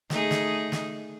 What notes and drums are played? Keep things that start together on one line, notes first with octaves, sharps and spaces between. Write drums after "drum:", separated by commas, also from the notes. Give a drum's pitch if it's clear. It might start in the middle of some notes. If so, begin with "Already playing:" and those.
A3 D#4 G#4, drum: snare
drum: snare
drum: snare